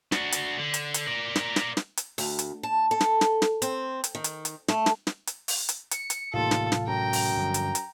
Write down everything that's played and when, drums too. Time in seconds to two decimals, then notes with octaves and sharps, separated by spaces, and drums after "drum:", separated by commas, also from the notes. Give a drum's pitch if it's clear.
0.12 D4 F#4, drum: snare
0.32 drum: hi-hat
0.58 D3
0.74 drum: hi-hat
0.94 drum: hi-hat
1.07 A#4 D5
1.36 drum: snare
1.56 drum: snare
1.77 drum: snare
1.97 drum: hi-hat
2.18 D2, drum: open hi-hat
2.39 drum: hi-hat
2.63 A5
2.91 A4
3.00 drum: snare
3.21 drum: snare
3.42 drum: snare
3.62 C4, drum: hi-hat
4.04 drum: hi-hat
4.15 D#3
4.24 drum: hi-hat
4.45 drum: hi-hat
4.68 A3, drum: snare
4.86 drum: snare
5.07 drum: snare
5.27 drum: hi-hat
5.48 drum: open hi-hat
5.69 drum: hi-hat
5.91 C#7, drum: hi-hat
6.10 drum: hi-hat
6.34 D#2 A2 C3 E3 F4 A4
6.51 drum: snare
6.72 drum: snare
6.88 F#2 G5 A#5
7.13 drum: open hi-hat
7.37 G2 D3 F3
7.54 drum: hi-hat
7.75 drum: hi-hat